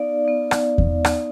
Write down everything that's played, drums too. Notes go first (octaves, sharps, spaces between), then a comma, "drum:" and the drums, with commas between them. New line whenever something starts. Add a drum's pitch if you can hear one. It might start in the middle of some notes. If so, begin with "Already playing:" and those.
Already playing: B3 D#4 D5 F5
B3 D#4
drum: rim click
drum: kick E2
B3 D#4, drum: rim click